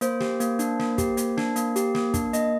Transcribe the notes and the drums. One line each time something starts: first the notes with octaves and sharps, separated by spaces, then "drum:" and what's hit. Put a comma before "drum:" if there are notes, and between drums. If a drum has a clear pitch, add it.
A#3 C5, drum: hi-hat
G4, drum: snare
A#3, drum: hi-hat
D4, drum: hi-hat
A#3, drum: snare
G4, drum: kick, hi-hat
A#3, drum: hi-hat
D4, drum: snare
A#3, drum: hi-hat
G4, drum: hi-hat
A#3, drum: snare
D4, drum: kick, hi-hat
A#3 D#5, drum: hi-hat